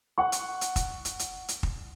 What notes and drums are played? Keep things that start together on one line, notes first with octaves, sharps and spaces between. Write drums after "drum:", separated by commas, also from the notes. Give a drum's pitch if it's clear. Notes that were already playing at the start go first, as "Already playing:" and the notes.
F#5 C#6
drum: hi-hat
drum: hi-hat
drum: kick, hi-hat
drum: hi-hat
drum: hi-hat
drum: hi-hat
drum: kick